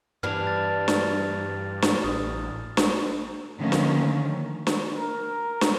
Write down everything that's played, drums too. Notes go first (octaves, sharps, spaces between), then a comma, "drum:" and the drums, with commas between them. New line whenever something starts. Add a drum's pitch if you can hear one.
G2 E3 G3 D4 F6 F7
A6
drum: snare
drum: snare
A1 D#6
drum: snare
D3 D#3 F3 A3 A#3 C#4
drum: snare
drum: snare
A#4
drum: snare